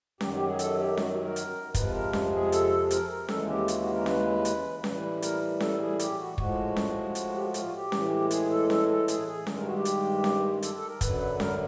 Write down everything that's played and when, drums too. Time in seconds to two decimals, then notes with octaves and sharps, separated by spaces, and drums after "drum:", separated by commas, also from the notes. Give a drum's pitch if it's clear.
0.21 F#2 D#3 F#3 G4, drum: snare C#4
0.33 G4
0.46 G#4
0.59 A4, drum: hi-hat
0.78 G4
0.97 F#4, drum: snare C#4
1.23 A#4
1.36 drum: hi-hat
1.74 F2 C3 F3 G#3 B4, drum: kick, hi-hat
1.94 A#4
2.13 drum: snare C#4
2.33 G#4
2.52 A4, drum: hi-hat
2.91 A#4, drum: hi-hat
3.10 A#4
3.28 D#2 C#3 E3 G#3 A4, drum: snare C#4
3.49 G4
3.68 F#4, drum: hi-hat
3.80 F#4
3.94 A#4
4.06 B4, drum: snare C#4
4.45 drum: hi-hat
4.84 A2 E3 G3 B4, drum: snare C#4
5.22 A#4, drum: hi-hat
5.60 A4, drum: snare C#4
5.80 G#4
5.99 G4, drum: hi-hat
6.18 F#4
6.38 A2 F3 G#3 F#4, drum: kick
6.76 drum: snare C#4
7.15 drum: hi-hat
7.35 G4
7.44 F#4
7.54 F4, drum: hi-hat
7.67 F#4
7.73 G4
7.92 A2 E3 G#3, drum: snare C#4
8.31 G#4, drum: hi-hat
8.50 A4
8.70 A4, drum: snare C#4
8.88 A4
9.08 G#4, drum: hi-hat
9.28 G#4
9.47 G2 D#3 G#3, drum: snare C#4
9.57 A#4
9.66 F#4
9.75 G4
9.85 drum: hi-hat
10.24 drum: snare C#4
10.63 A4, drum: hi-hat
10.75 A4
10.88 A#4
11.01 F#2 D3 F#3 B4, drum: kick, hi-hat
11.40 A#4, drum: snare C#4